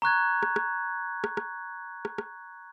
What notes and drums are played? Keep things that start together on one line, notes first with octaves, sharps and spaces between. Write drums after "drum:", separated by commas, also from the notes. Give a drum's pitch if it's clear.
A#5 C#6 F#6 G#6
drum: rim click
drum: rim click
drum: rim click
drum: rim click
drum: rim click
drum: rim click